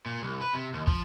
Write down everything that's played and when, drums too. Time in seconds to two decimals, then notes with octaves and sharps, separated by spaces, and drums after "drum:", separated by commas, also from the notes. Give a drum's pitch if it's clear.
0.06 A#2
0.22 C2
0.41 B4
0.54 C3
0.73 D#2
0.87 F3, drum: kick